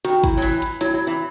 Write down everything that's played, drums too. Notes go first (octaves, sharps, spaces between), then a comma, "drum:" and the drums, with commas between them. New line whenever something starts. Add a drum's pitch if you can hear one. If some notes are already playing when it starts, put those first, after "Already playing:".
D#3 F#4, drum: hi-hat
E4, drum: kick, hi-hat
F#3
E3, drum: hi-hat
drum: hi-hat
F#3 E4, drum: hi-hat
F#3
E3